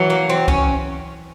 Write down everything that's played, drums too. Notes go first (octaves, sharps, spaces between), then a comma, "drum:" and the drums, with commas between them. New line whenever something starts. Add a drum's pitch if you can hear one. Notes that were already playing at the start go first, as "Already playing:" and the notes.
Already playing: E3 F#3
A#3
C4
C#4, drum: kick C2